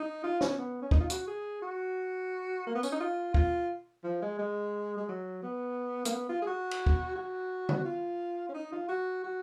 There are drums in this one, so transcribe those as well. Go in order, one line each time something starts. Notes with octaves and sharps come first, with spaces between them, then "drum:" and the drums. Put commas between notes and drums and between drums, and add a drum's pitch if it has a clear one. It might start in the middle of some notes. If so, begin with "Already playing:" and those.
Already playing: D#4
F4
C#4, drum: snare
B3
C#4
D#4, drum: kick
F4
F#4, drum: hi-hat
G#4
F#4
A#3
B3
C#4, drum: tambourine
D#4
F4
F4, drum: kick
F3
G#3
G#3
G#3
F#3
B3
A#3, drum: hi-hat
B3
F4
G#4
F#4
drum: cymbal
drum: kick
F#4
drum: tom
F4
C#4
D#4
F4
F#4
F#4